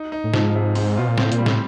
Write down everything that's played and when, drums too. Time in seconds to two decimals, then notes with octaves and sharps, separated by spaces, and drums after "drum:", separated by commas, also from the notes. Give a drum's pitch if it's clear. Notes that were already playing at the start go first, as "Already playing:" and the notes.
Already playing: D#4
0.12 D#4
0.24 A2
0.34 G#2 F3, drum: snare
0.55 C3
0.75 C4, drum: open hi-hat
0.97 B2 F4
1.08 A#2
1.18 A2 C4, drum: snare
1.32 A#2, drum: hi-hat
1.39 G3
1.46 A2, drum: snare